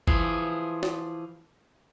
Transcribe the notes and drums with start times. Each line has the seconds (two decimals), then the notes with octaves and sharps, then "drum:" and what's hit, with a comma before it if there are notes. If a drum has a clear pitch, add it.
0.08 E3 F3 G#4, drum: kick G1
0.83 drum: snare